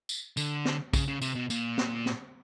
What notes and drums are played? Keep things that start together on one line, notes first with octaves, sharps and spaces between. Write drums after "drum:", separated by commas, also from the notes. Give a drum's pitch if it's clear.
drum: tambourine
D3, drum: tambourine
drum: snare
C#3, drum: kick, tambourine
C#3
C3, drum: tambourine
B2
A#2, drum: tambourine
drum: snare
drum: snare